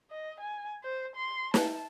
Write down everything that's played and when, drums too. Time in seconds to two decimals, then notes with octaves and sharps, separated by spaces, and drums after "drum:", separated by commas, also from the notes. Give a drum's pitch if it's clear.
0.11 D#5
0.40 G#5
0.83 C5
1.16 C6
1.54 A5, drum: snare